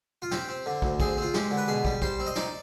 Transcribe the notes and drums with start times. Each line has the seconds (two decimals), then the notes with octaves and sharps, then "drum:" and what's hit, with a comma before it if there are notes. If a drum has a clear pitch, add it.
0.22 F4
0.31 C4 G4, drum: snare
0.48 C4
0.66 D3
0.82 D2, drum: kick
1.00 C4 G#4, drum: kick
1.17 C4 F4
1.34 G#3 G4, drum: snare
1.51 D3
1.57 B4
1.68 B2 G#4
1.85 G3, drum: kick
2.02 G3 C5, drum: kick
2.20 C4
2.27 D#5
2.36 D#4 D5, drum: snare